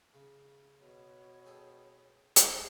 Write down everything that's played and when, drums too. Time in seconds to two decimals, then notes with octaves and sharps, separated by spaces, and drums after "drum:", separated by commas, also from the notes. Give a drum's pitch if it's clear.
0.14 C#3
0.80 B2 C#5
1.46 G#4 A4 G5
2.36 drum: hi-hat